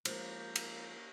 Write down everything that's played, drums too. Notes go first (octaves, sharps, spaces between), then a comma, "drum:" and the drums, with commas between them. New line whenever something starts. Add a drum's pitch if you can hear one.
F3 G#3 A#3, drum: cymbal
drum: cymbal